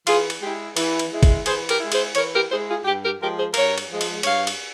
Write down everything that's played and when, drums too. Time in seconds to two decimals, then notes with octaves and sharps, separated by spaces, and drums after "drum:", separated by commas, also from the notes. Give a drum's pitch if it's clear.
0.07 E3 F4 G#4, drum: cymbal
0.30 drum: cymbal
0.41 G#3 G4
0.46 E4
0.77 E3, drum: cymbal
0.99 drum: cymbal
1.12 G#3 E4
1.23 drum: kick, cymbal
1.46 E3 G#4 C5, drum: cymbal
1.69 G4 A#4, drum: cymbal
1.80 E4
1.85 G#3
1.92 G#4 C5, drum: cymbal
2.15 E3 A#4 C#5, drum: cymbal
2.33 G4 A#4
2.49 G#3 E4 G#4 C5
2.67 F4 G#4
2.85 G2 G4
3.02 G4 A#4
3.20 F3 G#3 G4 A#4
3.36 G#4 C5
3.54 G2 A#4 C#5, drum: cymbal
3.78 drum: cymbal
3.89 F3 G#3
4.01 drum: cymbal
4.23 G2 C#5 F5, drum: cymbal
4.47 drum: cymbal